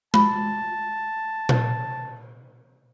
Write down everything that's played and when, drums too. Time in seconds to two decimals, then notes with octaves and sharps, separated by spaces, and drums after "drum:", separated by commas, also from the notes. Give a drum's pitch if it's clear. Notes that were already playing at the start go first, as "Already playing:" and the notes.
0.14 A5 B5, drum: tom G#3
1.49 drum: tom A#2